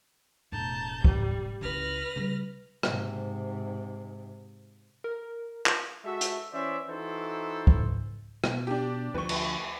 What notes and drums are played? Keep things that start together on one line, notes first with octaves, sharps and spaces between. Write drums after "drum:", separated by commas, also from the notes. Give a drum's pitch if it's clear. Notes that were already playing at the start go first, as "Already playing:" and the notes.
E1 A2 A5 A#5 G6
G3, drum: kick
C#2 E4 B4 F6 A#6
C#3 G3
G#2 C3, drum: rim click
A#4
drum: clap
G#3 F#4 A4 E5
drum: hi-hat
E3 C#4 C5 D5 E5
E3 D#4 E4 F#4 A4 C5
drum: kick
B2, drum: rim click
D4 G4
D2 F3 B4 C#6
drum: cymbal